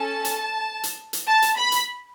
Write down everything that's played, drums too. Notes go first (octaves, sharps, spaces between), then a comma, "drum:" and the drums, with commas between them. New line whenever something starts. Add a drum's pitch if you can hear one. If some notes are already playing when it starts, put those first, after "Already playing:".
Already playing: C#4 A4 A5
drum: hi-hat
drum: hi-hat
drum: hi-hat
A5
drum: hi-hat
B5
drum: hi-hat